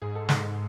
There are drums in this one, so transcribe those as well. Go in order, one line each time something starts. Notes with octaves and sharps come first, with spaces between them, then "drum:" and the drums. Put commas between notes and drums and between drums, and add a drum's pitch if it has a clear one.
G#2 G#4
A4
G#3 G#4, drum: snare